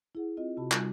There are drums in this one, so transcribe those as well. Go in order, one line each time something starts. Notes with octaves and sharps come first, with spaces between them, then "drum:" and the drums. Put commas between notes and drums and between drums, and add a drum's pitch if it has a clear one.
E4 G#4 F#5
C4 F4 D#5
C3 F#4 A5 B5
G3 D#4 F4, drum: clap